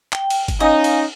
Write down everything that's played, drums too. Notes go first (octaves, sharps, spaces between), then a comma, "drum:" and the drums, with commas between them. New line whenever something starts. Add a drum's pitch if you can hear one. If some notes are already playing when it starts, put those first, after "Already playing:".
G5, drum: clap
drum: cymbal
drum: kick G1, cymbal
C#4 D#4 D#5 F5 G#5
drum: cymbal